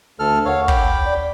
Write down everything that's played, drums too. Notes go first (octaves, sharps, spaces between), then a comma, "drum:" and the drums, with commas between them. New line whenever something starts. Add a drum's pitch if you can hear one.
D2 A4 F6
D#2 A#4 C#5 F5 F#5
G5 B5 D6, drum: kick
D5